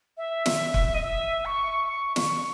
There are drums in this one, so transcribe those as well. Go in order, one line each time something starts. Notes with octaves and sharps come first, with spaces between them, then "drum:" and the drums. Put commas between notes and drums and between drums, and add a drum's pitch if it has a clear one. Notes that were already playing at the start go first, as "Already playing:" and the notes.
E5
drum: snare
drum: kick
D#5
E5
C#6
C#6
C#6, drum: snare